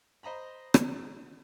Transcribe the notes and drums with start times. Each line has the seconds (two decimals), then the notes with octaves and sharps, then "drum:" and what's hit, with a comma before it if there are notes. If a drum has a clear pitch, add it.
0.23 C5 D#5 A#5 B5
0.74 drum: rim click